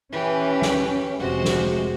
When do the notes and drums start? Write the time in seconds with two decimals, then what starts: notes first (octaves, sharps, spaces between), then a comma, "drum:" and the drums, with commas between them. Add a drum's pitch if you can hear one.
0.12 E3 C#4 G4 B4
0.62 drum: snare
1.19 F1 C3 G#3 F#4 C5
1.44 drum: snare